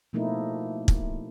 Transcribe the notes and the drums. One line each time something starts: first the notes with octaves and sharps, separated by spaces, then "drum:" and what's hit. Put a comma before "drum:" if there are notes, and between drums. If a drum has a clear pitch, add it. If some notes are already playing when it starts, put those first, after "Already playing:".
B2 F3 A3 A#3 D#4 E4
drum: kick